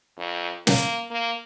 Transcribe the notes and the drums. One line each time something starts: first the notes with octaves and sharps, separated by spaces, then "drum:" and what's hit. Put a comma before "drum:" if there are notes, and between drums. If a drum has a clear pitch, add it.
F2
A#3, drum: snare
A#3